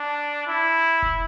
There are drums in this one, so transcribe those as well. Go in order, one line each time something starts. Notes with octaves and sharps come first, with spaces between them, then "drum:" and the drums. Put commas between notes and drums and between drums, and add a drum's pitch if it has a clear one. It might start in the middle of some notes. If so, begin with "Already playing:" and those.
Already playing: D4
E4
drum: kick F1